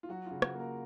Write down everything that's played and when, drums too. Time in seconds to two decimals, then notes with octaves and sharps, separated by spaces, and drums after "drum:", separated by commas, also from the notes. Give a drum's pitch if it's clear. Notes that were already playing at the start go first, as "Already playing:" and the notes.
0.03 F4
0.09 F#3 F#4
0.26 F4
0.31 C#3
0.42 F#4, drum: rim click
0.54 A#3
0.59 A#4